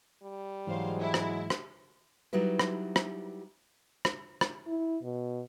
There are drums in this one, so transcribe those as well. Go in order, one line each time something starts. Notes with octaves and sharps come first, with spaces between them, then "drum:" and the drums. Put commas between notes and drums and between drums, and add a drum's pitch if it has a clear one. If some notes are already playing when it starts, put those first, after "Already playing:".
G3
G#2 E3 F#3 G#3 C5 F5
E4
drum: rim click
drum: rim click
F#3 G3 D#4 E4 B4
drum: rim click
drum: rim click
drum: rim click
drum: rim click
E4
B2